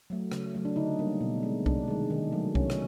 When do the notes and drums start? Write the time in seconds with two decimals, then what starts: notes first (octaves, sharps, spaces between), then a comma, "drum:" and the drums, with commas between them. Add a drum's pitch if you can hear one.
0.10 F#3 A3
0.32 C#3, drum: rim click
0.55 F#3 A3
0.65 D4
0.76 D3 D#4
0.99 G3 A#3
1.21 B2
1.43 G#3
1.66 C3 D4, drum: kick C2
1.88 D#3 G#3
2.10 D#3
2.32 F#3 A3
2.55 C3 C#4, drum: kick C2
2.70 drum: rim click